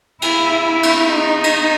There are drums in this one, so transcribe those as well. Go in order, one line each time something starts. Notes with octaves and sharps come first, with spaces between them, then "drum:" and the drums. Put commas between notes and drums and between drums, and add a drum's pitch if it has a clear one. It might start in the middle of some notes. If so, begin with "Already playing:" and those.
E4, drum: cymbal
E4
drum: cymbal
D#4
drum: cymbal